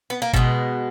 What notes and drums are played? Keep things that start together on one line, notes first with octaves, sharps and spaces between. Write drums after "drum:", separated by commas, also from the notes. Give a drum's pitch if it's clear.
B3
A#3
B2 G#3 B3, drum: kick G1